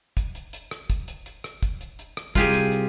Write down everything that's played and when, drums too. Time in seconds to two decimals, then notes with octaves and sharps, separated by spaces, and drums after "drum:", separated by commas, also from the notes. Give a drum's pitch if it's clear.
0.17 drum: kick, hi-hat
0.35 drum: hi-hat
0.53 drum: hi-hat
0.71 drum: rim click
0.90 drum: kick, hi-hat
1.08 drum: hi-hat
1.26 drum: hi-hat
1.44 drum: rim click
1.63 drum: kick, hi-hat
1.81 drum: hi-hat
1.99 drum: hi-hat
2.17 drum: rim click
2.35 C2 F4 G4 G#4, drum: kick, hi-hat
2.54 drum: hi-hat
2.72 drum: hi-hat